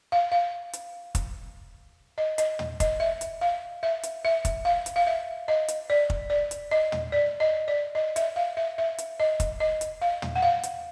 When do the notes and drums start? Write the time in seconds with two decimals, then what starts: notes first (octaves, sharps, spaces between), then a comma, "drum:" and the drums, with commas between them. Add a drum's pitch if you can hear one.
0.12 F5
0.32 F5
0.73 drum: hi-hat
1.15 drum: kick, hi-hat
2.18 D#5
2.38 D#5, drum: hi-hat
2.59 drum: tom
2.80 D#5, drum: kick, hi-hat
3.00 E5
3.21 drum: hi-hat
3.41 F5
3.83 E5
4.03 drum: hi-hat
4.25 E5
4.45 drum: kick, hi-hat
4.65 F5
4.86 drum: hi-hat
4.96 F5
5.07 E5
5.48 D#5
5.68 drum: hi-hat
5.90 D5
6.10 drum: kick
6.30 D5
6.51 drum: hi-hat
6.71 D#5
6.92 drum: tom
7.12 D5
7.40 D#5
7.68 D5
7.95 D#5
8.16 E5, drum: hi-hat
8.36 F5
8.57 E5
8.78 E5
8.98 drum: hi-hat
9.20 D#5
9.40 drum: kick, hi-hat
9.60 D#5
9.81 drum: hi-hat
10.01 F5
10.22 drum: tom
10.36 F#5
10.42 F5
10.63 drum: hi-hat